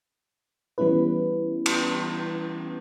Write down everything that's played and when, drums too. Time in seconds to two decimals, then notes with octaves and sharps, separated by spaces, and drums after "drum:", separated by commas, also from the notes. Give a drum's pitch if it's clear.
0.78 E3 G3 B3 C#4 E4 B4
1.66 drum: cymbal